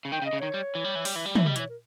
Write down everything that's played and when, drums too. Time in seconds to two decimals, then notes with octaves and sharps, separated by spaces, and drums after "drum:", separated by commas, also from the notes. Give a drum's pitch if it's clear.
0.05 C#3
0.12 D#3 G5
0.22 C#3
0.26 D#5
0.33 C#3
0.40 D#3 C#5
0.54 G3
0.75 E3
0.84 G3
0.95 E3
1.05 G3, drum: open hi-hat
1.16 E3
1.25 G3
1.35 E3 E5, drum: tom
1.46 G3 D#5
1.56 E3, drum: hi-hat
1.59 C#5
1.69 A#4